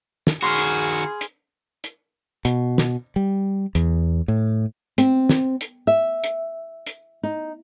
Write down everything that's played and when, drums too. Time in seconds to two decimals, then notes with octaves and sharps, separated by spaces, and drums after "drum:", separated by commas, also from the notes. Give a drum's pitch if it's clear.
0.27 drum: snare
0.42 D#3 F#4 G#4 B5 C6 F6
0.58 drum: hi-hat
1.21 drum: hi-hat
1.84 drum: hi-hat
2.45 B2, drum: hi-hat
2.78 drum: snare
3.16 G3
3.75 E2, drum: hi-hat
4.28 A2
4.98 C4, drum: hi-hat
5.29 drum: snare
5.61 drum: hi-hat
5.87 E5
6.24 drum: hi-hat
6.86 drum: hi-hat
7.23 D#4